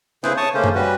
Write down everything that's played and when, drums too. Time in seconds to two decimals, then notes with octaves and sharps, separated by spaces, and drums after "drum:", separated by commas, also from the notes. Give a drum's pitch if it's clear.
0.24 C#3 E4 G#4 B4 C5, drum: snare
0.37 C#5 A5 C#6 D#6
0.54 C#3 A3 A#3 C#4 C5
0.64 drum: tom F#2
0.75 G3 C#4 F#4 B4